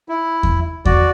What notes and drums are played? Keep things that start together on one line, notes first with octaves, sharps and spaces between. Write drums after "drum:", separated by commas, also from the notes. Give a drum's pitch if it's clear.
E4
drum: kick E2
F#4 D5, drum: kick E2